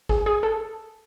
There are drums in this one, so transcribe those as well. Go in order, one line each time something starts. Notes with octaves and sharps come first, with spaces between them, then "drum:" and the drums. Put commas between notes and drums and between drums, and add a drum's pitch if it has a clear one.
G#4, drum: kick
G#4
A4